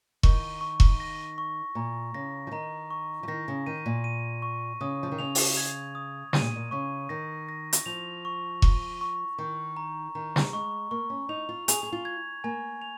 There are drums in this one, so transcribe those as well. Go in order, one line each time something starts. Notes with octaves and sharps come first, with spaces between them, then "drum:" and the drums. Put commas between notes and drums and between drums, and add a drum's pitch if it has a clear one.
D#3 C#6, drum: kick E1
C#6
drum: kick E1
A#6
C#6
A#2 A#5
C#3 A#6
F3
D#3 A#5
C#6
F3
D#3 A#6
C#3
D#3 D#7
A#2
D#7
C#6
C#3 D#6
F3
D#3
C#3 F7
drum: open hi-hat
G#6
D#6
C#3 D#7, drum: snare
A#2
A#2
C#3 C#6
D#3 A#6
A#6
drum: hi-hat
F3 F7
C#6
C#6, drum: kick E1
C#6
D#3 C#6
A#5
D#3 A#5
drum: snare
G#3 C#6
A#3 C#6
C#4
D#4 F7
F4
G#4 F7, drum: hi-hat
G#4
F4
G#6
A#3 G#5
F7